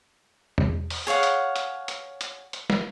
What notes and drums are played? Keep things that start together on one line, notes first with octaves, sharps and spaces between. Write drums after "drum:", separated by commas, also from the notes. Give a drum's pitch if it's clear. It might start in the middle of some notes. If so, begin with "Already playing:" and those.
drum: tom E2
drum: open hi-hat
G#4 C#5 F5 F#5
drum: hi-hat
drum: hi-hat
drum: hi-hat
drum: hi-hat
drum: hi-hat
drum: snare